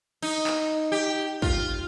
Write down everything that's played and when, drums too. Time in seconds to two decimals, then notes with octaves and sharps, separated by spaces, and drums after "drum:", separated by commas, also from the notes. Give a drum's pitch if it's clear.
0.22 D#4, drum: cymbal
0.47 drum: clap
0.92 G4
1.42 F4, drum: kick